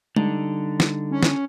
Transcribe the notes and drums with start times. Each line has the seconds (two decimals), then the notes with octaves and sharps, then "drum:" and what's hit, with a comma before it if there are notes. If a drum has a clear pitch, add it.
0.16 D3 G3 D#4, drum: tom G#3
0.80 drum: snare
1.11 C#4
1.23 drum: snare